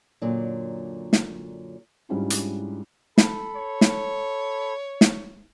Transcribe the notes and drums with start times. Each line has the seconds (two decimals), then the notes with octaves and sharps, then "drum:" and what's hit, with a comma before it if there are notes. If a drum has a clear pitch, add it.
0.22 F#2 A#2 D3 F#3
1.13 drum: snare
2.09 G#2 G3 C#4 D4 E4 F4
2.30 drum: hi-hat
3.18 A4 B5, drum: snare
3.56 C#5
3.81 drum: snare
5.01 drum: snare